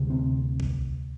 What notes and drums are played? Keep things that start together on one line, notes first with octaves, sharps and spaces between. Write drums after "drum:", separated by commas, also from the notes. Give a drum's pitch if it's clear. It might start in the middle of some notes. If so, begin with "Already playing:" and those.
Already playing: D2 C3
C4
drum: kick B1